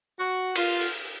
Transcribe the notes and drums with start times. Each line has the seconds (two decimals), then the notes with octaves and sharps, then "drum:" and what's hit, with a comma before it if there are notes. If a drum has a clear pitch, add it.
0.19 F#4
0.55 F4, drum: cymbal
0.80 drum: open hi-hat